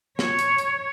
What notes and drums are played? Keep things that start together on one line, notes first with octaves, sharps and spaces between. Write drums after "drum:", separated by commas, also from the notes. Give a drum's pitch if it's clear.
C#5, drum: snare
drum: hi-hat
drum: hi-hat